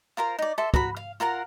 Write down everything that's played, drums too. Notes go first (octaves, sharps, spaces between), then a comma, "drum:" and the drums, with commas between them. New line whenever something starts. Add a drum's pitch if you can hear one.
F4 A#4 C5 A#5
D#4 D5
A4 E5 C6
F#4 A#5 B5, drum: kick
F5
F4 A#4 F#5 A#5